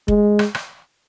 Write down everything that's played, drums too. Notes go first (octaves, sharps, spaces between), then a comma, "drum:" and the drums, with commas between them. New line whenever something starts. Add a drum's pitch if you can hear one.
G#3, drum: kick F1
drum: rim click
drum: rim click